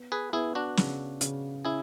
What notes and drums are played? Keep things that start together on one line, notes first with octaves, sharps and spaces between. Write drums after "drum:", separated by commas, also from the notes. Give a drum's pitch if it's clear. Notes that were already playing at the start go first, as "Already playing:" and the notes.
Already playing: B3
G#4 B4
B3 E4 G#4
D4 F#4
C#3, drum: snare
C#3, drum: hi-hat
C#4 E4 G#4